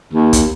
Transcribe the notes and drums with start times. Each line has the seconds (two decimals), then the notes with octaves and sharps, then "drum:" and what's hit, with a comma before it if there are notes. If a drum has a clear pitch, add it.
0.13 D#2
0.33 drum: kick, hi-hat